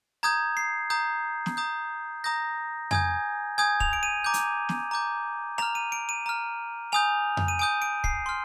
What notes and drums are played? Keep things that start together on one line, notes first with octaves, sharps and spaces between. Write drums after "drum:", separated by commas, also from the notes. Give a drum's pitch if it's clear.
A#5 D#6 G6 G#6
C7
A#5 D#6 G6
drum: snare
A#5 D#6 G6
A#5 D#6 G6 A#6
G#5 D#6 G6 G#6, drum: tom F2
G#5 D#6 G6 G#6
F7, drum: kick
D7
D#7
A#5 D6 G6
drum: hi-hat
drum: snare
A#5 D6 G6
A#5 F6 F7, drum: rim click
D#7
D7
D#7
A#5 F6
G#5 D#6 G6 F7
drum: tom F2
D#7
G#5 D#6 G6 D7
D7
C7, drum: kick
C6 F6